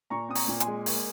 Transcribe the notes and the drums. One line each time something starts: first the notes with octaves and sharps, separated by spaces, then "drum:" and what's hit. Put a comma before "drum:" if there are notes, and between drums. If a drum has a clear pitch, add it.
A#2 A#5 C#6
C4 D#6
A#5 C#6, drum: open hi-hat
A#2
G#5 C6, drum: hi-hat
G#3
A#3, drum: open hi-hat